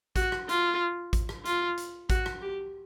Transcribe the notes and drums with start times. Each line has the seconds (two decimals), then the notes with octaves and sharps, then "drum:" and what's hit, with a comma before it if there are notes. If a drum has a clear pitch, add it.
0.16 F#4, drum: kick A1, hi-hat
0.32 drum: rim click
0.49 F4, drum: hi-hat
1.13 drum: kick A1, hi-hat
1.29 drum: rim click
1.45 F4, drum: hi-hat
1.77 drum: hi-hat
2.10 F#4, drum: kick A1, hi-hat
2.26 drum: rim click
2.42 G4